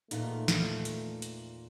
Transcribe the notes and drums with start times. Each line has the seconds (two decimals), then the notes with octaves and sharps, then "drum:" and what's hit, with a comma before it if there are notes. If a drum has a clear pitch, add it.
0.11 E2 A#2 A3 D#4, drum: hi-hat
0.48 drum: snare
0.85 drum: hi-hat
1.22 drum: hi-hat